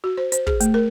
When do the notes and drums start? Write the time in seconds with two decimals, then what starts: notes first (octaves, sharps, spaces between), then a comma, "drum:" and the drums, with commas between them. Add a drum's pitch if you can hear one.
0.04 F#4
0.17 C5
0.32 C5, drum: hi-hat
0.47 G#4, drum: kick
0.60 A3, drum: hi-hat
0.74 A#4